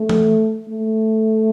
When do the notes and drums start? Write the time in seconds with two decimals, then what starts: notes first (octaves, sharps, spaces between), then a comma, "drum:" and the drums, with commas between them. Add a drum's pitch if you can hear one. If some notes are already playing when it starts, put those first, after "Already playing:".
Already playing: A3
0.09 drum: tom E3
0.69 A3